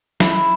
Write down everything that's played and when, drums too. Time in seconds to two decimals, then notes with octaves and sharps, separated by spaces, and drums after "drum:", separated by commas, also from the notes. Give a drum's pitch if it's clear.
0.20 E4, drum: snare